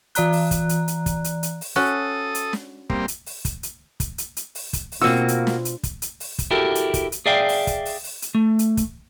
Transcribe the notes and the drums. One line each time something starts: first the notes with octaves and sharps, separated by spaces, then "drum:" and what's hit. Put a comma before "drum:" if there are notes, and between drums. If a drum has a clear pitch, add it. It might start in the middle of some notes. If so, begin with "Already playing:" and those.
E3 D5 A#5 F#6, drum: hi-hat
drum: open hi-hat
drum: kick, hi-hat
drum: hi-hat
drum: hi-hat
drum: kick, hi-hat
drum: hi-hat
drum: hi-hat
drum: open hi-hat
C#4 F#4 A4 D#6
drum: hi-hat
drum: snare
G3 A#3 C4, drum: kick
drum: hi-hat
drum: open hi-hat
drum: kick, hi-hat
drum: hi-hat
drum: kick, hi-hat
drum: hi-hat
drum: hi-hat
drum: open hi-hat
drum: kick, hi-hat
drum: open hi-hat
B2 A#3 C4 F4 F#4 E6
drum: hi-hat
drum: snare
drum: hi-hat
drum: kick, hi-hat
drum: hi-hat
drum: open hi-hat
drum: kick, hi-hat
E4 F#4 G4 A4 A#4
drum: hi-hat
drum: kick, hi-hat
drum: hi-hat
G#4 D5 E5 F5 G5
drum: open hi-hat
drum: kick, hi-hat
drum: open hi-hat
drum: open hi-hat
drum: hi-hat
A3
drum: hi-hat
drum: kick, hi-hat